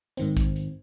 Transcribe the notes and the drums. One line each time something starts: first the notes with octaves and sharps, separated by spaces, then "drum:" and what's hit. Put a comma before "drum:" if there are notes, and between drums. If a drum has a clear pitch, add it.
G#2 D#3 C4, drum: hi-hat
drum: kick, hi-hat
drum: hi-hat